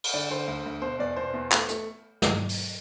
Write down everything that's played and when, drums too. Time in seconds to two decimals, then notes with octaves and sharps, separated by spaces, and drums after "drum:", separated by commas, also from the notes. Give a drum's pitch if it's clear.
0.04 drum: cymbal
0.14 D3 D5
0.30 D3 C5
0.47 D2
0.66 D2
0.82 B2 C5
0.99 E2 D5
1.17 B2 C5
1.34 E2
1.52 A3, drum: clap
1.68 A3, drum: hi-hat
2.22 drum: snare
2.49 drum: open hi-hat